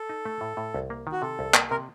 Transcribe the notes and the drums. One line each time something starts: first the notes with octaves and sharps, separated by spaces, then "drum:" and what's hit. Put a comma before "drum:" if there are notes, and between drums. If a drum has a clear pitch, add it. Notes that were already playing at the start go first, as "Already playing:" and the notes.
Already playing: A4
D#4
A3
A2
A2
C2
A#3
D#3
F#4
C3 A4
C2
A#3, drum: clap
C3 A#4